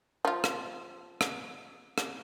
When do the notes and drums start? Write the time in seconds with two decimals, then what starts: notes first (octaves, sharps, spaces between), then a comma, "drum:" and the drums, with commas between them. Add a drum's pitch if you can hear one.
0.25 F3 F4
0.44 drum: rim click
1.21 drum: rim click
1.98 drum: rim click